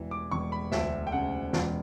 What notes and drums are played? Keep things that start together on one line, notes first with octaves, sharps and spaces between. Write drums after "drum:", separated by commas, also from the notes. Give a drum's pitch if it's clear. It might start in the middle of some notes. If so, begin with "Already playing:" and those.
Already playing: E1 E3
D6
E1 C#6
B5
D2 E5, drum: snare
G5
C#3 F#5
E1, drum: snare